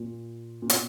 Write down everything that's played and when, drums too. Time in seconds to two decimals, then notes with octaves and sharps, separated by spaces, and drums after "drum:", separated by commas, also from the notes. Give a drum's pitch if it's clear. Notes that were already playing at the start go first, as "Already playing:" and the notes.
Already playing: A#2
0.62 A#2
0.70 B2, drum: hi-hat